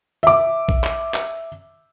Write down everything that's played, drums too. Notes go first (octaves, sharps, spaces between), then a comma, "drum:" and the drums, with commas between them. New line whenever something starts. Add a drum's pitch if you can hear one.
E5 D6
drum: kick
drum: clap
drum: clap